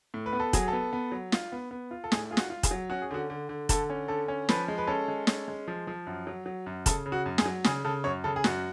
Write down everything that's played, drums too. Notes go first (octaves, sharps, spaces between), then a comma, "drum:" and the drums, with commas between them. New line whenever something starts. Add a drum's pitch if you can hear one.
A2
B4
B3
A4
F#3 G#4, drum: kick F1, hi-hat
B3 A4
B3
F#3
F4, drum: snare
B3
B3
F4
A4
A2 G#4, drum: snare
F4 G#4
F#4, drum: snare
F4
G#4, drum: kick F1, hi-hat
F#3
C#4 F#4
G#4
D3 F#4
D3
D3
D3 A4, drum: kick F1, hi-hat
C#4
D3 A4
C#4
F3 B4, drum: snare
G#3
B4
C#4 A4
G#3
C#4, drum: snare
G#3
F3
F3
F#2
F#3
F#3
F#2
C#3 A4, drum: kick F1, hi-hat
C#3
F#4
F#2
G#4, drum: snare
F#3
C#3 G#4, drum: snare
C#3 A4
F#2 C#5
C#3 A4
G#4
F#2 F#4, drum: snare